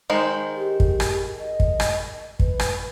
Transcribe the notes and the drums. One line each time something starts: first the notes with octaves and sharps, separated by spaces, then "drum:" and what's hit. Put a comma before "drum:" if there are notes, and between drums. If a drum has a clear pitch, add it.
D#3 G#3 C5
G4
drum: kick
drum: rim click
D#5
drum: kick
drum: rim click
B4, drum: kick
drum: rim click